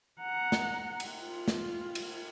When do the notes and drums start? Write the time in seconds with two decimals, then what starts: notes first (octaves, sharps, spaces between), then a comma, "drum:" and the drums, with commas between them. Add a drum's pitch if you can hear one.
0.20 F#5 A#5
0.52 drum: snare
1.00 drum: cymbal
1.24 F4
1.48 drum: snare
1.95 drum: cymbal